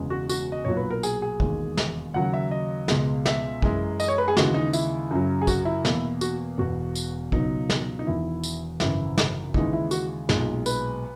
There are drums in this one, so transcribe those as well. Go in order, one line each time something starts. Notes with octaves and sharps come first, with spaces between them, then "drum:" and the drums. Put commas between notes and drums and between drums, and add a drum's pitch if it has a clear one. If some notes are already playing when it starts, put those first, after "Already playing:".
Already playing: E1 E2 C#3 G#3
F#4
F#4, drum: tambourine
D#5
B1 A#2 F#3 A#3 C#5
B4
A#4
G#4, drum: tambourine
G#4
E1 D#2 D#3 G#3, drum: kick
drum: snare
D#2 C#3 F#3 A#3 F#5
E5
D#5
C#2 B2 G#3, drum: snare
E5, drum: snare
F#2 E3 G#3, drum: kick
D#5, drum: tambourine
C#5
B4
G#4
D#2 C#3 E3 G#3 F#4, drum: snare
D#4
E4, drum: tambourine
F#2 C#3 F#3
G#4
F#4, drum: kick, tambourine
E4
E2 B2 A#3, drum: snare
F#4, drum: tambourine
E1 E2 B2 F#4
drum: tambourine
C#2 B2 F#3 D#4, drum: kick
drum: snare
D#4
E1 E2 D#3 E4
drum: tambourine
G#1 F#2 C#3 E3 E4, drum: snare
drum: snare
D#2 C#3 E3 G#3 D#4, drum: kick
E4
F#4, drum: tambourine
B1 A#2 G#3, drum: snare
B4, drum: tambourine